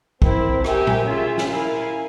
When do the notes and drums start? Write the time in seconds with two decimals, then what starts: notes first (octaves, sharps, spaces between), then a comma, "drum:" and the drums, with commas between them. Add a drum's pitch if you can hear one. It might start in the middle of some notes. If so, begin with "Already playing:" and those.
0.22 C4 E4 A#4, drum: kick
0.64 G4 A#4 E5 G#5, drum: rim click
0.87 drum: tom
1.06 C#4 F4 G#4 E5
1.38 drum: snare
1.48 E4 A#4 F5 G#5